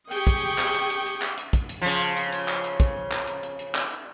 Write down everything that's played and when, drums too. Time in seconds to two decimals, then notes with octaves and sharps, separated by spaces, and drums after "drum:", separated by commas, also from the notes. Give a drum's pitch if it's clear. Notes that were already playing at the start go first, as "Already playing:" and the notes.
0.11 G4 G#4 G5 C#6 D#6, drum: hi-hat
0.27 drum: kick, hi-hat
0.43 drum: hi-hat
0.58 drum: clap
0.74 drum: hi-hat
0.90 drum: hi-hat
1.06 drum: hi-hat
1.22 drum: clap
1.37 drum: hi-hat
1.53 drum: kick, hi-hat
1.69 drum: hi-hat
1.82 C#3 F3
2.01 drum: hi-hat
2.16 drum: hi-hat
2.32 drum: hi-hat
2.48 drum: clap
2.64 drum: hi-hat
2.80 drum: kick, hi-hat
3.11 drum: clap
3.27 drum: hi-hat
3.43 drum: hi-hat
3.59 drum: hi-hat
3.75 drum: clap
3.90 drum: hi-hat